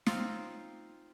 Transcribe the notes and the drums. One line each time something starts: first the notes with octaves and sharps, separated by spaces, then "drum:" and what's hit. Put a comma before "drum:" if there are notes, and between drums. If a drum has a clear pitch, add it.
C4 D#4 F4, drum: snare